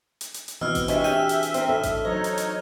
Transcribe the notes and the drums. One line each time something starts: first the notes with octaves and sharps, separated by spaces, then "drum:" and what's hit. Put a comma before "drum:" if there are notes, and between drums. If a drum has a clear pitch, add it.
drum: hi-hat
drum: hi-hat
drum: hi-hat
B2 E3 C4 F#4 E6 F6
drum: kick A1, hi-hat
C3 G#3 C#4 D4 E5, drum: hi-hat
G4 G#4 D#7, drum: snare
drum: hi-hat
drum: hi-hat
C4 A#4, drum: hi-hat
A2 A4 D#5
drum: kick A1, hi-hat
F#3 D#4 C5 C#5 D#5
drum: hi-hat
drum: hi-hat